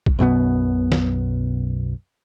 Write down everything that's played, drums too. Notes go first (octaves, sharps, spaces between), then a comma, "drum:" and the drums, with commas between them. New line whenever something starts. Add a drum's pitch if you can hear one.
drum: kick
B1 F#2 B2 B3
drum: snare